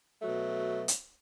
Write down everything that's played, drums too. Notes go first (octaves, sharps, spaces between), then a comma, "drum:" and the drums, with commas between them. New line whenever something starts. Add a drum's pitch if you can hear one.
B2 F#3 A3
drum: hi-hat